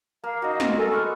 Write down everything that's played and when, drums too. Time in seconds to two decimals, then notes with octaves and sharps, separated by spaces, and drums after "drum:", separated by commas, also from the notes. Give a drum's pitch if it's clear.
0.24 A#3 F5
0.42 D#4 F#4 D#5
0.60 C5 E6, drum: snare
0.77 A4 A#4 G#5
0.92 G#3 F#5 B5 C#6 F6